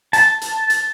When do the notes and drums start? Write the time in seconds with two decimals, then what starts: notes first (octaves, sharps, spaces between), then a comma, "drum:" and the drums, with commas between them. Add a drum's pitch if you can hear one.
0.13 A5, drum: hi-hat
0.41 drum: hi-hat
0.70 drum: hi-hat